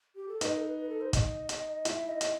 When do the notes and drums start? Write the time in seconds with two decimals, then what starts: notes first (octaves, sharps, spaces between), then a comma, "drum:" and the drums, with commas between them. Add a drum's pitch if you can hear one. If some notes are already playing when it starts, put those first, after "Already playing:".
0.16 G4
0.28 A4
0.41 D#4 B4, drum: hi-hat
0.57 A4
0.65 B4
0.78 B4
0.89 A4
1.01 C5
1.13 D#5, drum: kick, hi-hat
1.49 drum: hi-hat
1.85 E4 E5, drum: hi-hat
2.09 D#5
2.21 drum: hi-hat